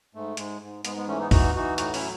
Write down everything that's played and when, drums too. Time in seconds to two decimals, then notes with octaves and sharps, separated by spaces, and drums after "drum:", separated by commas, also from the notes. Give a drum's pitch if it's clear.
0.14 G#2 A3
0.37 G#2 G#3, drum: hi-hat
0.61 G#2
0.85 G#2 G#3 B3, drum: hi-hat
0.96 G#3 B3
1.08 E3 A3 C#4
1.19 B3 D#4
1.31 E3 D#4 F#4, drum: kick C#2, open hi-hat
1.55 E3 D#4 F#4
1.78 A2 D#4 F#4, drum: hi-hat
1.94 C#4 E4, drum: open hi-hat
2.01 F#3